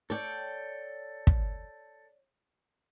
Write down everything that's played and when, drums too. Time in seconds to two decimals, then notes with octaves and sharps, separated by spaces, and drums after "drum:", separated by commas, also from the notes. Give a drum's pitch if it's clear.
0.10 A4 C#5 D5 G5
1.27 drum: kick